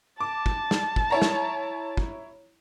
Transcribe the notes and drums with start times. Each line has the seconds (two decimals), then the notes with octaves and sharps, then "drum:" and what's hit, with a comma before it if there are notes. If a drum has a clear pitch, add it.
0.20 A5 D6
0.46 drum: kick
0.71 drum: snare
0.96 drum: kick
1.10 E4 C#5 A#5
1.22 drum: snare
1.97 drum: kick